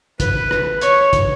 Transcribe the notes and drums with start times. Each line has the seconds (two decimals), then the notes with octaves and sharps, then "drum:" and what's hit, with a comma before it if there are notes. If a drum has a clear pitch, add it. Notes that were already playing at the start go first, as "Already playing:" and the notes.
0.20 B4, drum: kick, hi-hat
0.51 drum: rim click
0.81 C#5, drum: hi-hat
1.13 drum: kick, hi-hat